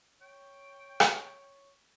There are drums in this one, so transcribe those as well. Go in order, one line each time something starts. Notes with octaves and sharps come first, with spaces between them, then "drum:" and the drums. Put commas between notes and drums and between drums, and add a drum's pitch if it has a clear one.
C#5 G5
drum: rim click